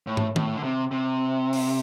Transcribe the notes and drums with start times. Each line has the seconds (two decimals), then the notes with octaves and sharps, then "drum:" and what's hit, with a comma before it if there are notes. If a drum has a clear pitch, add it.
0.07 A2
0.17 drum: tom
0.36 A2, drum: tom D#3
0.56 D3
0.63 C3
0.91 C3
1.53 drum: open hi-hat